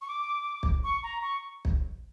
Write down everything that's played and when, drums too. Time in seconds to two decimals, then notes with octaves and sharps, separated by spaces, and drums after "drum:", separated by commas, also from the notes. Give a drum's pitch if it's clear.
0.01 C#6
0.08 D6
0.63 drum: kick
0.84 C#6
1.03 A#5
1.22 C#6
1.65 drum: kick